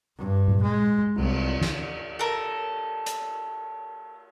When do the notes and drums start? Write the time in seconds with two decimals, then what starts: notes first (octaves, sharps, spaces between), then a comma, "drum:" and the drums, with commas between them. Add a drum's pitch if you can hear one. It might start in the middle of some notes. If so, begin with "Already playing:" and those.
0.18 G2
0.48 drum: tom A#2
0.62 G#3
1.16 C2, drum: cymbal
1.61 drum: snare
2.19 A4 A#4
3.06 drum: hi-hat